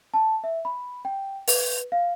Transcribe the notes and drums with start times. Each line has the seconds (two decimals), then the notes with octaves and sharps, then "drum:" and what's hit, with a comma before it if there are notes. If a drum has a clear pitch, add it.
0.14 A5
0.44 E5
0.65 B5
1.05 G5
1.48 B4, drum: open hi-hat
1.92 F5